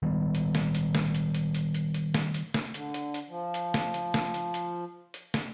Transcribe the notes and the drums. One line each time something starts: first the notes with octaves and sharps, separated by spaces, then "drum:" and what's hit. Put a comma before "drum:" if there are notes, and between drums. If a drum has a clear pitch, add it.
D#3 G3 B3
drum: hi-hat
drum: snare
drum: hi-hat
drum: snare
drum: hi-hat
drum: hi-hat
drum: hi-hat
drum: hi-hat
drum: hi-hat
drum: snare
drum: hi-hat
drum: snare
D3, drum: hi-hat
drum: hi-hat
drum: hi-hat
F3
drum: hi-hat
drum: snare
drum: hi-hat
drum: snare
drum: hi-hat
drum: hi-hat
drum: hi-hat
drum: snare